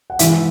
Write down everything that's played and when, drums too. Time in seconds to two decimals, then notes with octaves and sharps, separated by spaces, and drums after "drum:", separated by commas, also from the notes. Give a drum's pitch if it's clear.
0.10 F#5
0.19 C3 E3 G#3 C4 E5, drum: hi-hat